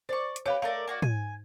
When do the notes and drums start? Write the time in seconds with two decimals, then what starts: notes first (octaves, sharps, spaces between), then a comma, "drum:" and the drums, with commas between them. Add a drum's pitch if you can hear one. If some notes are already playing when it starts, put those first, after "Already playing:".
0.09 C5 D5 C#6
0.36 drum: hi-hat
0.46 G4 B4 C#5 F5 G5 B5
0.62 A3 A#4 D5 F5
0.88 A#3 F#4 D5
1.02 G#5, drum: tom